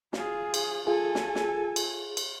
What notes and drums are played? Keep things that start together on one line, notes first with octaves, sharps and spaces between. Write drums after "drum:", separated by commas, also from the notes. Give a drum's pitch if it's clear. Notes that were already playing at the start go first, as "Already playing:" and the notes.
F4 G#4, drum: snare
drum: cymbal
F4 G#4 A4 G#5
drum: snare
drum: snare
drum: cymbal
drum: cymbal